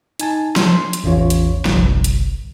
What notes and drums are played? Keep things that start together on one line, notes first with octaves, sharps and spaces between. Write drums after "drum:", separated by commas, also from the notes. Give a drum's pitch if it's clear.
D#4 G#5 A5, drum: hi-hat
C6, drum: snare
drum: hi-hat
A1 E2 C#4 F4 C#5
drum: hi-hat
G1 C2, drum: snare
drum: hi-hat